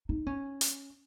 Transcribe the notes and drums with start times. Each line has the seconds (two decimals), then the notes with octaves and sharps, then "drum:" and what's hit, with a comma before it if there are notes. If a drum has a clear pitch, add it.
0.09 D#4
0.27 C#4
0.61 drum: hi-hat